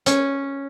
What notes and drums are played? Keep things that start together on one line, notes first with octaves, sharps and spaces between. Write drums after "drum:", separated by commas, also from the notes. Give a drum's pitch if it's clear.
C#4, drum: hi-hat